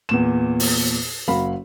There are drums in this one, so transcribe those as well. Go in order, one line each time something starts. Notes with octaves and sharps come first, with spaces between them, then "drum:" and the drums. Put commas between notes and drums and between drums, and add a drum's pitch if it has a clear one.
E2 A#2 E7
drum: open hi-hat
F#1 F#3 F5 B5